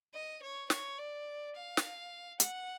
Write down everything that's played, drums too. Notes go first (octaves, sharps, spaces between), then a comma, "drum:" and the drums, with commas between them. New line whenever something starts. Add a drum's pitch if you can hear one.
D#5
C#5
C#5, drum: snare
D5
F5
drum: snare
F#5, drum: hi-hat